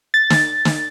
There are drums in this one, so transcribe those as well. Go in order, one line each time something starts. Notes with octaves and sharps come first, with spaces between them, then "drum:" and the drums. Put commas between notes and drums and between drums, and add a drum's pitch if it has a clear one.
A6
drum: snare
drum: snare